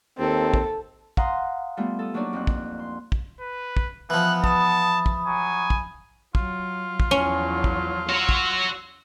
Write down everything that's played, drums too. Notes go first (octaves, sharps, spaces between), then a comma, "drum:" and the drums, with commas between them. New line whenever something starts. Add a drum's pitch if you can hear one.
D#2 C4 A4
drum: kick
F5 F#5 A#5 C6 D#6, drum: kick
G3 A3 B3 F4
A4 D#6
F#3 A#3 D4 D#4 C#5 D5
F2 C4 F#6
drum: kick
C6
drum: kick
B4
drum: kick
E3 F3 B3 F#6
A5 B5 D#6, drum: kick
drum: kick
F#3 G#5
drum: kick
F#3 F4, drum: kick
drum: kick
E2 F3 F#3 C#4
drum: kick
F#4 C#5 C6 E6
drum: kick